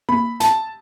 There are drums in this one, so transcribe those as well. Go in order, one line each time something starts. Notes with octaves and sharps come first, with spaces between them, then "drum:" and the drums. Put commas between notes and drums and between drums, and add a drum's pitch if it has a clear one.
B5, drum: tom A#3
A5, drum: snare